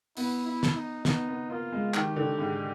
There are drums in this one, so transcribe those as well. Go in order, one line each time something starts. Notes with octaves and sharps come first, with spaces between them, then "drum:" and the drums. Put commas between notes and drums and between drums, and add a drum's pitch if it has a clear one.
B3 E4, drum: open hi-hat
E4
drum: snare
D#4
B3 D#4, drum: snare
B3
A#3 F4
G#3
D#3 G4, drum: clap
D3
G#2